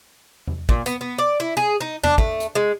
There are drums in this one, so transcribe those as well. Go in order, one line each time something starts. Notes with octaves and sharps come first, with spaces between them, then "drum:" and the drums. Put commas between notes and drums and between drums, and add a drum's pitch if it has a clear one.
drum: tom E2
A#2, drum: kick
B3, drum: hi-hat
B3
D5
E4
G#4
D#4
D4, drum: tom E2
A3, drum: kick
drum: hi-hat
G#3